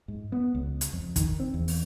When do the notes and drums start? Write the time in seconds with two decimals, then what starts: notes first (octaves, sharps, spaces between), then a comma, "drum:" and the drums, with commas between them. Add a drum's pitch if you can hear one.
0.08 G#2
0.32 B3
0.55 C#2
0.81 drum: hi-hat
0.93 F2
1.16 D#3, drum: kick, hi-hat
1.40 C4
1.54 E2
1.68 drum: open hi-hat